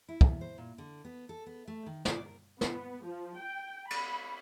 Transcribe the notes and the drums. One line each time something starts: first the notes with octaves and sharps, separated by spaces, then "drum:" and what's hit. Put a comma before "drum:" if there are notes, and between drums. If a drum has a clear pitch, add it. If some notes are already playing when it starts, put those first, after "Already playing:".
E4
E2, drum: kick
C5
A#2
D3
B3
A4
B3
A3
D#3
D5, drum: snare
A#4
B3, drum: snare
F3
G5
B5, drum: cymbal